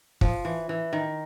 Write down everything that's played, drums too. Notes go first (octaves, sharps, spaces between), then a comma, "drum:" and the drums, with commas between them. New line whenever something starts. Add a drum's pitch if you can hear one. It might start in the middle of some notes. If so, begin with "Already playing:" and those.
F3, drum: kick
E3
E3
D#3